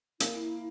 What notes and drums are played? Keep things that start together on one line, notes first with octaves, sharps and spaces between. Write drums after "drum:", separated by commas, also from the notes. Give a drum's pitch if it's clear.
A#3 E4, drum: hi-hat